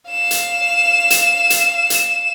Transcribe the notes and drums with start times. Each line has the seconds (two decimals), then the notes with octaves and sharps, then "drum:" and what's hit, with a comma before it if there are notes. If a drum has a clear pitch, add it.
0.11 F5 E7
0.31 drum: hi-hat
1.10 drum: hi-hat
1.50 drum: hi-hat
1.90 drum: hi-hat